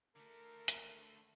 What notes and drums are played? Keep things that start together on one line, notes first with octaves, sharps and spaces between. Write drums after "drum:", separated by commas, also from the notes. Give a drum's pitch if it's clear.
D3 A3 A#4
drum: hi-hat